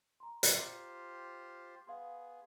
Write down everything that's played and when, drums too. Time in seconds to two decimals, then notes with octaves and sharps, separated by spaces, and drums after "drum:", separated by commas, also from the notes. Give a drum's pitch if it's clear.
0.20 A#5 C6
0.43 drum: hi-hat
0.55 F4 G4 C5
1.88 B3 G#4 F5 C6